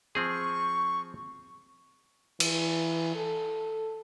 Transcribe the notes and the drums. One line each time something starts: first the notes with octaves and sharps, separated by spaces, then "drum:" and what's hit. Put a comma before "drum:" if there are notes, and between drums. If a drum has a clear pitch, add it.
F3 C4 G#4 C#6
E3, drum: cymbal
A4